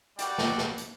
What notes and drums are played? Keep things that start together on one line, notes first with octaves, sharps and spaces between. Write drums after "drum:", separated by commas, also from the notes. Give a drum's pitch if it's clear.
G3 F#4 D5 G5, drum: hi-hat
drum: snare
drum: snare
drum: hi-hat